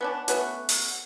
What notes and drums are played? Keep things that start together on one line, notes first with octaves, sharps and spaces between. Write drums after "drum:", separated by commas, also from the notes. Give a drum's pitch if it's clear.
B3 C#4 D4
A3 B3 C#4 F#4, drum: hi-hat
drum: open hi-hat